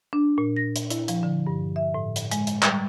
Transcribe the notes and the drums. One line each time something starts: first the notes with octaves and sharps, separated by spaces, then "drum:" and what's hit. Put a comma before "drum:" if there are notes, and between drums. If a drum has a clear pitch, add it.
D4
A#2
A#6
drum: hi-hat
E4, drum: hi-hat
F3, drum: hi-hat
D3
G2
E5
A2
drum: hi-hat
G#3, drum: hi-hat
drum: hi-hat
G3, drum: clap